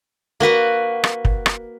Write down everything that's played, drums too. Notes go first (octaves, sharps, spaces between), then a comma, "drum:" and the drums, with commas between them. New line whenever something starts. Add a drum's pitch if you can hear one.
A#3 F#4 B4 F#5
drum: rim click
drum: kick
drum: rim click